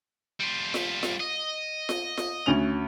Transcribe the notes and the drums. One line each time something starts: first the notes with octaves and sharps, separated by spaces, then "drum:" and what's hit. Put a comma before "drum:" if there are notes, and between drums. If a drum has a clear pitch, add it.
G3 F4
drum: snare F4
drum: snare F4
D#5
drum: snare F4
drum: snare F4
D2 C#4 F7